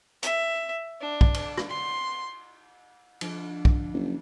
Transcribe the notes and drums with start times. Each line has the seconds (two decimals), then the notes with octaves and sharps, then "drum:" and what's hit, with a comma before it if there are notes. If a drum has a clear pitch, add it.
0.23 E5, drum: hi-hat
1.01 D4
1.21 drum: kick B1
1.34 drum: cymbal
1.57 drum: rim click
1.69 C6
3.21 F3 D4 F4, drum: cymbal
3.65 drum: kick B1
3.93 F#1